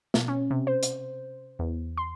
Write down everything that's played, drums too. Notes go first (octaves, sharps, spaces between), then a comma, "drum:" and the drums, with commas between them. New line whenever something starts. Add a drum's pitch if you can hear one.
B2, drum: snare
C#4
C3
C5
drum: hi-hat
E2
C6